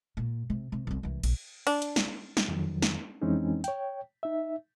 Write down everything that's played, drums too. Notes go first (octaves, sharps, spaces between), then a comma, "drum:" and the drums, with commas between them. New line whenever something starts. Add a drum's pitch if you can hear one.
A#2
C3
C3
C2 C4
C2 E3
A#1, drum: cymbal
D4, drum: cymbal
drum: hi-hat
drum: snare
drum: snare
F2 D#3 F#3
drum: snare
F2 E3 G#3 C4 C#4 D#4
C#5 G5, drum: hi-hat
D#4 E5